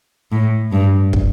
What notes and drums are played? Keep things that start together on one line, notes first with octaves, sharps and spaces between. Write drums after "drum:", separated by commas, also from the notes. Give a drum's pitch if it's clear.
A2
G2
drum: kick